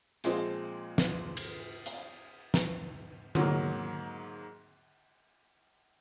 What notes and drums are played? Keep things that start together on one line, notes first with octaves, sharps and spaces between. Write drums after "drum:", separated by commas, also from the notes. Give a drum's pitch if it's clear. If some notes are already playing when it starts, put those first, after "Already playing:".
A#2 F3 G#3 C4, drum: hi-hat
drum: snare
drum: cymbal
drum: hi-hat
drum: snare
G#2 F#3 A#3, drum: tom D3